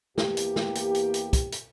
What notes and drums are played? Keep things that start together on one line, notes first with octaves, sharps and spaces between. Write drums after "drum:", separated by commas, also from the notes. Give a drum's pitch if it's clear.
E2 A#3 G4, drum: snare
drum: hi-hat
drum: snare
drum: hi-hat
drum: hi-hat
drum: hi-hat
drum: kick, hi-hat
drum: hi-hat